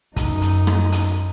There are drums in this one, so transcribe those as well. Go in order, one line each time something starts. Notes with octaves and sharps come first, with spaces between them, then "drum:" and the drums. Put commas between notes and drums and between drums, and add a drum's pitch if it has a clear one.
F#2 D#4, drum: kick, hi-hat
drum: hi-hat
drum: rim click
drum: hi-hat